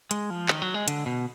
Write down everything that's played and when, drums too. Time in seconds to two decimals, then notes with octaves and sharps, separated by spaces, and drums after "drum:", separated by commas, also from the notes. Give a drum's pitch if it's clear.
0.11 G#3, drum: hi-hat
0.30 F3
0.48 D#3, drum: clap
0.62 F#3
0.74 G#3
0.88 D3, drum: hi-hat
1.06 B2